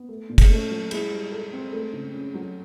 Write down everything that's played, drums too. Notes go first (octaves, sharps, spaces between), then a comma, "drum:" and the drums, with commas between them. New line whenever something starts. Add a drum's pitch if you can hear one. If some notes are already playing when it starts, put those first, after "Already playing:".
Already playing: B3
A3
A#2
G#3, drum: kick, cymbal
A3 C#4
F#3
G#3 E4, drum: cymbal
G3
A4
C4
A3
C#3
C#4
F#3